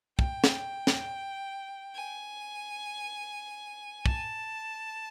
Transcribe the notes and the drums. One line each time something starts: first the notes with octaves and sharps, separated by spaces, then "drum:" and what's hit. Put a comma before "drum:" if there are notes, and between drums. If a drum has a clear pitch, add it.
G5, drum: kick
drum: snare
drum: snare
G#5
A5, drum: kick